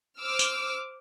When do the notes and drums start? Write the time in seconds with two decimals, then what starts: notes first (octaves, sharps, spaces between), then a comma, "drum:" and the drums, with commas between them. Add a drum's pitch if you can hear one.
0.20 C5 D6 E6 F6
0.39 drum: tambourine